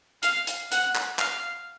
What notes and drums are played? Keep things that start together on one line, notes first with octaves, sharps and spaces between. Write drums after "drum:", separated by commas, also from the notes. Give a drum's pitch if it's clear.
F5, drum: hi-hat
drum: hi-hat
F#5, drum: hi-hat
drum: clap
F5, drum: clap